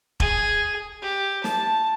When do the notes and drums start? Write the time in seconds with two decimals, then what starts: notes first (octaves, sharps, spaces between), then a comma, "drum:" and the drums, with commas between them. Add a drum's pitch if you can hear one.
0.20 G#4, drum: kick E1
1.02 G4
1.44 A5, drum: snare